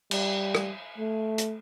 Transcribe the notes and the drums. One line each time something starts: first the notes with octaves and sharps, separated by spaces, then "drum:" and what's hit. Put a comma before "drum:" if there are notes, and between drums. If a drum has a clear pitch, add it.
G3, drum: cymbal
drum: rim click
A3
drum: hi-hat